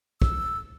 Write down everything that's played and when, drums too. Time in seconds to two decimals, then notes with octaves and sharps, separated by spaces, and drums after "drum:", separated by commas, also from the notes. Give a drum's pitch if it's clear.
0.22 E6, drum: kick